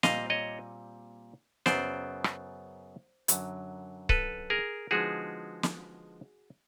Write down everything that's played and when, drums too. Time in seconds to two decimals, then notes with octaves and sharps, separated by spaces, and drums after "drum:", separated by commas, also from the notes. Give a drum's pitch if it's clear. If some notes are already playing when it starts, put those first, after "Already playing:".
0.03 A#2 G3 C4 D#5 F5, drum: snare
0.30 C#5 D#5
1.66 F#2 C#3 F#3 B3 C5 D5, drum: snare
2.24 drum: rim click
3.28 F#2 D3 F#3, drum: hi-hat
4.09 A4 B4, drum: kick C#1
4.50 G#4 A#4
4.91 D3 F3 G#3 B3 D#4 F#4 G#4
5.63 drum: snare